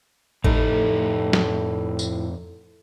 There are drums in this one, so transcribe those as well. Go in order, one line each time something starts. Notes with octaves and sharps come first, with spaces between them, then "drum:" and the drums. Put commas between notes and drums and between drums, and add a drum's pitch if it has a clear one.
F2 A2 D#4 D#5, drum: kick
drum: snare
drum: tambourine